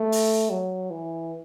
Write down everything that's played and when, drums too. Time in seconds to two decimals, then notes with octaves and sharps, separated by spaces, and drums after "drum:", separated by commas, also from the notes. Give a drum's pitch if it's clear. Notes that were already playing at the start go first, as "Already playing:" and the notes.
Already playing: A3
0.12 drum: open hi-hat
0.50 F#3
0.90 E3